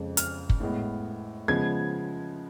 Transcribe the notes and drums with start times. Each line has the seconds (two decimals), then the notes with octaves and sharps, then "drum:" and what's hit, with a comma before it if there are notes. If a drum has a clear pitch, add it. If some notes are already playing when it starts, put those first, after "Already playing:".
Already playing: F2 C#3 G#3
0.17 F6, drum: hi-hat
0.49 drum: kick
0.60 A2 G#3 B3
1.48 C#3 F3 G#3 B3 G#6